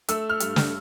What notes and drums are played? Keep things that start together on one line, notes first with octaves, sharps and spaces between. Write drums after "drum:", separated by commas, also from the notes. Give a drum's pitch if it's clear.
A3 E6, drum: hi-hat
F6
G2, drum: hi-hat
drum: snare